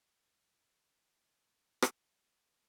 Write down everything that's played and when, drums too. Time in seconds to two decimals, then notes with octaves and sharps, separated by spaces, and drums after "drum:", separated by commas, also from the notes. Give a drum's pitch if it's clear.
0.24 A#5 C6
1.82 drum: rim click